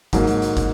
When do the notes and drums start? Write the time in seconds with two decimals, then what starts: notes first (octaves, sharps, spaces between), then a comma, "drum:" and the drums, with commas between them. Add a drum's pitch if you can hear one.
0.13 G#2 F#3 A#3, drum: kick, hi-hat
0.27 drum: hi-hat
0.42 drum: hi-hat
0.57 drum: kick, hi-hat